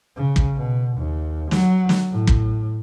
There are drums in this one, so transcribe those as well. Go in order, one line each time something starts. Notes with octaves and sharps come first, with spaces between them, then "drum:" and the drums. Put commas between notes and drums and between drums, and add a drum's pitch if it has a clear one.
C#3
drum: kick
B2
D#2
F#3, drum: snare
drum: snare
A2
drum: kick